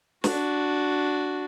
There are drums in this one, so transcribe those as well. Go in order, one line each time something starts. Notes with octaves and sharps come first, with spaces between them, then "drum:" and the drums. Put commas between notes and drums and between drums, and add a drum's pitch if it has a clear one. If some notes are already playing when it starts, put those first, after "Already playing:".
D4 F#4, drum: snare